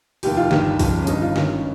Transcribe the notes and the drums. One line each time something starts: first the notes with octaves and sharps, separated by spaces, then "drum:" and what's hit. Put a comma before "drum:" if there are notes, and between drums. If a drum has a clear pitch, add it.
F1 D#2 D#3 G4, drum: open hi-hat
F4
G1 G2 D#3 G4, drum: snare
G1 F2 C#3, drum: kick B1, open hi-hat
C#4
G1 G2 D#3 D#4, drum: hi-hat
F4
G#1 G2 D#3 C#4, drum: snare